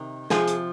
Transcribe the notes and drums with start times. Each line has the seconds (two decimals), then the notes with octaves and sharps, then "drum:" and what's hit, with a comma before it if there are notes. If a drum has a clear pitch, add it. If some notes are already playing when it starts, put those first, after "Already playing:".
Already playing: C3 D#3
0.30 C3 F3 G#4, drum: snare
0.48 drum: hi-hat